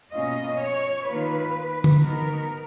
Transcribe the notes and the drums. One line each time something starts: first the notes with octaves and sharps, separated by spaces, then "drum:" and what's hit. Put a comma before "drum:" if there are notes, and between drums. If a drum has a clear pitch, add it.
B2 A#3 C#4 F4 D#5
C#5
D#3 A#3 F4 B4
drum: tom D3
F#3 B3 D#4 A#4